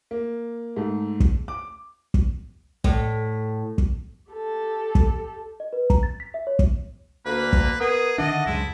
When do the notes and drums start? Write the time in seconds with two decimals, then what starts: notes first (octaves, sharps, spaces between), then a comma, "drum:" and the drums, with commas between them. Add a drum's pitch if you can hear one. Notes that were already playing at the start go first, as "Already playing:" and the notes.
0.11 A#3
0.76 G#2 A3
1.20 drum: kick
1.48 D6
2.14 drum: kick
2.84 A2, drum: kick
3.78 drum: kick
4.31 G4 A4
4.95 drum: kick
5.60 D#5
5.73 B4
5.90 A#5, drum: kick
6.03 A6
6.20 B6
6.34 E5
6.47 C#5
6.59 drum: kick
7.26 D2 A#3 B4
7.53 drum: kick
7.80 B3 G#4 A#4 D#6
8.18 D3 D#3 D4 D#5 E5 F#5 A5
8.46 C#2 F#2 G#3 E4